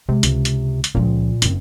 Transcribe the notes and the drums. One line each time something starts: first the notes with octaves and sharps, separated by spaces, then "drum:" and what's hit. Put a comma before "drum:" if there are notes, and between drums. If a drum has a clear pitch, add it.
C3 G#3
C#2, drum: hi-hat
drum: hi-hat
drum: hi-hat
C#2 A#2 F3
F#1 C4, drum: hi-hat